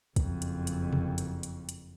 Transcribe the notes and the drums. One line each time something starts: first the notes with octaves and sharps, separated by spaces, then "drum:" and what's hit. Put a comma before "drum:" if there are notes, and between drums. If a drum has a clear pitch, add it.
F#1 F2, drum: kick, hi-hat
drum: hi-hat
drum: hi-hat
drum: tom C3
drum: hi-hat
drum: hi-hat
drum: hi-hat